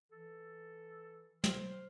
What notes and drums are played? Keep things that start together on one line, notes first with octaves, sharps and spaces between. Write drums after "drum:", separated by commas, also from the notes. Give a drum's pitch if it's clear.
E3 A4
C5 F6, drum: snare